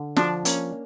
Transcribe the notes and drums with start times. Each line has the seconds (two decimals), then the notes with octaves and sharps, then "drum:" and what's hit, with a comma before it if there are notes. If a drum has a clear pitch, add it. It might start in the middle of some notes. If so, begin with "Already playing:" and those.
Already playing: D3
0.16 F3 D4, drum: snare
0.45 A#3 C#4, drum: hi-hat